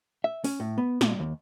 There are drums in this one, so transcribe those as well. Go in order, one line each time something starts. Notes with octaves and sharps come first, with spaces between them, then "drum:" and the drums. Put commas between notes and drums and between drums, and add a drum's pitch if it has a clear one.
E5
C#4, drum: open hi-hat
A2
B3
A#2, drum: snare
D#2